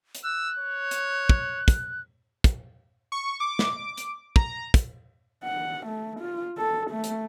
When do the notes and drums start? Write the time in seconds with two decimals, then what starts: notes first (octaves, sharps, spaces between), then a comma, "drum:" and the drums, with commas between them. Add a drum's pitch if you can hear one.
0.15 drum: hi-hat
0.24 E6 F#6
0.59 C#5
0.91 drum: hi-hat
1.29 drum: kick
1.68 drum: kick, hi-hat
2.44 drum: kick, hi-hat
3.12 C#6
3.40 D6
3.59 drum: snare
3.97 drum: hi-hat
4.36 A#5, drum: kick
4.74 drum: kick, hi-hat
5.44 F#5
5.87 A3
6.20 F4
6.57 A4
6.91 A3
7.04 drum: hi-hat